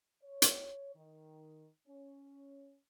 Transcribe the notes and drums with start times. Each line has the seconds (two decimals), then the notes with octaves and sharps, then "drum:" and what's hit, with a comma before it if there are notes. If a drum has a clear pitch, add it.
0.23 C#5
0.42 drum: hi-hat
0.95 D#3
1.87 C#4